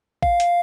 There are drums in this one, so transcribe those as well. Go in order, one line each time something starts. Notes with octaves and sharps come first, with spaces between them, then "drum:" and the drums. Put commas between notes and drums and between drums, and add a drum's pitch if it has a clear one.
F5, drum: kick A1
drum: hi-hat